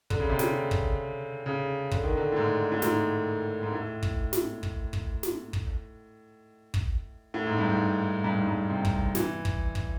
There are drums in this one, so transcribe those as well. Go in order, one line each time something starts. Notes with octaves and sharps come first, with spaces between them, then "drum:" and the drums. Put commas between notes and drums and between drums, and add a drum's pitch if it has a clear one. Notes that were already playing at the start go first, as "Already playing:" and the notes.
D3, drum: kick
C#3
C3
C#3, drum: snare
drum: kick
C#3
D3, drum: kick
D#3
D3
A2
G#2
A2
G#2, drum: snare
G#2
A2
drum: kick
drum: snare
drum: kick
drum: kick
drum: snare
drum: kick
drum: kick
A2
G#2
G2
G#2
G2
G#2
G2
C3
drum: kick
E3, drum: snare
drum: kick
drum: kick